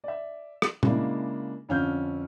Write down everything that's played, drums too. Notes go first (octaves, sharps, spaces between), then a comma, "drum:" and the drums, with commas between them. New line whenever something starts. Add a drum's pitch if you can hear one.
D5 E5
drum: rim click
C#3 G#3 A#3 D4 E4, drum: tom A#2
F2 D3 C#4 F5 F6 G6